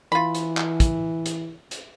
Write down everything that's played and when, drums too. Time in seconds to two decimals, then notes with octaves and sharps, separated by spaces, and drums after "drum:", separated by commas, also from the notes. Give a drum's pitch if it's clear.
0.12 E3 F4 B5
0.35 drum: hi-hat
0.57 drum: clap
0.80 drum: kick, hi-hat
1.26 drum: hi-hat
1.71 drum: hi-hat